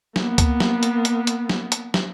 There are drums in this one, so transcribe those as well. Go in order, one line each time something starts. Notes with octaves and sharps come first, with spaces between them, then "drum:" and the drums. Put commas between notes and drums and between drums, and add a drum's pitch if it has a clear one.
A#3 B3, drum: snare
drum: kick C#2, hi-hat
drum: snare
drum: hi-hat
drum: hi-hat
drum: hi-hat
drum: snare
drum: hi-hat
drum: snare